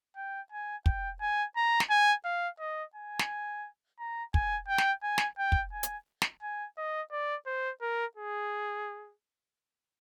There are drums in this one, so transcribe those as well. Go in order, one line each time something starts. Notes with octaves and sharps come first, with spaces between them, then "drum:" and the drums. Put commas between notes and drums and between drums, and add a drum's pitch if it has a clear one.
G5
G#5
G5, drum: kick
G#5
A#5
drum: snare
G#5
F5
D#5
G#5
drum: snare
A#5
G#5, drum: kick
G5
drum: snare
G#5
drum: snare
G5
drum: kick
G#5
drum: hi-hat
drum: snare
G#5
D#5
D5
C5
A#4
G#4